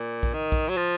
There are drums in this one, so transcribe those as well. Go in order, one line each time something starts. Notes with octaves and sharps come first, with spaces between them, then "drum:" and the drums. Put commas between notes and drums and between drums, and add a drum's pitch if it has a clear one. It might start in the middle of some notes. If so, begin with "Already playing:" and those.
Already playing: A#2
drum: kick A#1
D#3
drum: kick A#1
F#3
F3